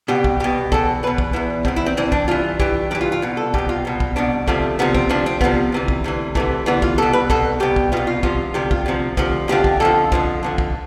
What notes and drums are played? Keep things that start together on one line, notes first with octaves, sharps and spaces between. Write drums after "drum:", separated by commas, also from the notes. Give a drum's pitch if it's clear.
C2 B2 G4
drum: kick
C2 B2 G4
E2 B2 A4, drum: kick
E2 B2 B4
drum: kick
E2 B2 E4
E2 B2 C4, drum: kick
E4
C4
G2 E3 C4
D4, drum: kick
G2 E3 F4
G2 E3 G4, drum: kick
G2 E3 G4
F4
F4
C2 B2
A4
C2 B2 G4, drum: kick
F4
C2 B2
drum: kick
C2 B2 D4
D2 C3 F3 A3, drum: kick
D2 C3 F3 B3
C4, drum: kick
D2 C3 F3 D4
C4
D2 C3 F3 B3, drum: kick
D2 C3 E3
drum: kick
D2 C3 E3
D2 C3 E3 A3, drum: kick
D2 C3 E3 B3
F4, drum: kick
C2 B2 A4
B4
C2 B2 A4, drum: kick
C2 B2 G4
drum: kick
C2 B2 F4
F4
D2 C3 F3 F4, drum: kick
D2 C3 F3 G4
F4, drum: kick
D2 C3 F3
D2 C3 F3, drum: kick
F2 D3 F3 G4
drum: kick
F2 D3 F3 A4
F2 D3 F3, drum: kick
F2 D3 F3
drum: kick